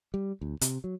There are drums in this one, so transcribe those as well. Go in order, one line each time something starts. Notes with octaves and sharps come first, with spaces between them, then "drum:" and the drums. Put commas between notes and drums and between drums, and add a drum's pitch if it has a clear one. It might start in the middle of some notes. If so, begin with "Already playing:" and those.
G3
D2
C3, drum: hi-hat
F#3